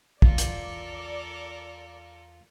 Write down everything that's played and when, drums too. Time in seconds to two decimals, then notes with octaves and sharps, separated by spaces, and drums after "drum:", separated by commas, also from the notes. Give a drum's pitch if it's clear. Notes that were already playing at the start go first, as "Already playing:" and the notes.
0.22 E2 F4 A4 A#4 D5, drum: kick
0.38 drum: hi-hat